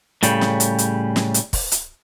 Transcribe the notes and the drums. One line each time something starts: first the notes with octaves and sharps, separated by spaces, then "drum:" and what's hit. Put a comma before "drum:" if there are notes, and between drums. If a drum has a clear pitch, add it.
A2 C#3 G3, drum: hi-hat
drum: snare
drum: hi-hat
drum: hi-hat
drum: snare
drum: hi-hat
drum: kick, open hi-hat
drum: hi-hat